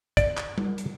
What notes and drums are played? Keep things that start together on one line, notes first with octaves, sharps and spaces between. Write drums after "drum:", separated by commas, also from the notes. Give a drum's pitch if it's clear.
D5, drum: kick, hi-hat
drum: clap
drum: tom G3
drum: hi-hat